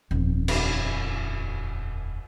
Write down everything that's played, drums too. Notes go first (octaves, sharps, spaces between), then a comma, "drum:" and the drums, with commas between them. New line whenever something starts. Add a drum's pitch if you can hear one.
D#1 F2
drum: cymbal